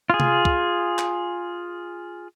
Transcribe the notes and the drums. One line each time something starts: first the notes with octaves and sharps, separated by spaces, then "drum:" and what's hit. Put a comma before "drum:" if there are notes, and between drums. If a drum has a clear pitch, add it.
F4 G#4
drum: tom C3
drum: kick
drum: clap